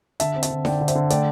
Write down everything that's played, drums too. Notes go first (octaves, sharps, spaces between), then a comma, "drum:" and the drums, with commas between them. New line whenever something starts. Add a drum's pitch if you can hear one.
D3 E5 A5, drum: hi-hat
C4
E5 A5, drum: hi-hat
D3
D3 D5 G5, drum: snare D#4
D3
C5 E5, drum: hi-hat
D3
A3 D5 G5, drum: hi-hat